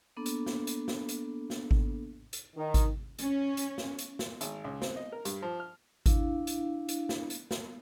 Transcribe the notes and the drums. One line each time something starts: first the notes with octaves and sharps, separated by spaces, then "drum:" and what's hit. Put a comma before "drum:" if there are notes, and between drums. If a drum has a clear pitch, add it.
A#3 B3 D4 A4
drum: hi-hat
drum: snare
drum: hi-hat
drum: snare
drum: hi-hat
drum: snare
drum: kick G#1
drum: hi-hat
D#3
drum: kick G#1, hi-hat
C#4, drum: hi-hat
drum: hi-hat
drum: snare
drum: hi-hat
drum: snare
G#1, drum: hi-hat
C#2
C4, drum: snare
D#5
A#4
G2, drum: hi-hat
F3
F6
D4 E4 F5, drum: kick G#1, hi-hat
drum: hi-hat
drum: hi-hat
drum: snare
drum: hi-hat
drum: snare